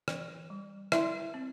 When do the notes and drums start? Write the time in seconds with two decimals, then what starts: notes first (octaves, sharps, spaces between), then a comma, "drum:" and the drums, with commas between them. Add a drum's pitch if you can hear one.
0.08 E3, drum: rim click
0.50 G3
0.92 E4 E5, drum: rim click
1.34 C4